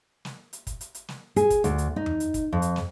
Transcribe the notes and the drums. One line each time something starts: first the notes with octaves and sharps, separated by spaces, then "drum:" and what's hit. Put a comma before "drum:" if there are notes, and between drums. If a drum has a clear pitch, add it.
drum: snare
drum: hi-hat
drum: kick, hi-hat
drum: hi-hat
drum: hi-hat
drum: snare
G#4, drum: hi-hat
drum: kick, hi-hat
D2, drum: hi-hat
drum: hi-hat
D#4
drum: tom F2
drum: hi-hat
drum: kick, hi-hat
F2
drum: hi-hat
drum: snare